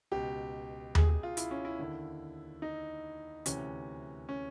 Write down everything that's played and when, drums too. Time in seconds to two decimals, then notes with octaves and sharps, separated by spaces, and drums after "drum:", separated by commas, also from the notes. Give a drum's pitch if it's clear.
0.12 C#2 B2 G4
0.95 G#4, drum: tom D#2
1.09 G#4
1.23 F4
1.37 E4, drum: hi-hat
1.51 C#4
1.65 E4
1.79 D#2 D3
2.62 D#4
3.46 D2 C3 E3 C#4, drum: hi-hat
4.29 C#4